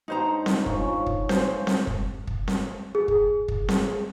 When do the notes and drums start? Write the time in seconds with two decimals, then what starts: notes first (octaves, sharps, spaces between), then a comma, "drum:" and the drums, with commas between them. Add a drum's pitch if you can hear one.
0.08 G#2 D4 D#4 C5 D5 A#5
0.46 drum: snare C4
0.66 D#3 F3 C#4, drum: kick
1.06 drum: kick
1.29 C5, drum: snare C4
1.67 drum: snare C4
1.87 drum: kick
2.27 drum: kick
2.48 drum: snare C4
2.95 G#4
3.08 drum: kick
3.48 drum: kick
3.69 drum: snare C4